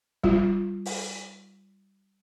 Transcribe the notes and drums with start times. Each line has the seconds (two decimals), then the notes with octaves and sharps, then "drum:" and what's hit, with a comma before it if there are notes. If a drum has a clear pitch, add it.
0.24 G3 F4, drum: kick
0.86 drum: open hi-hat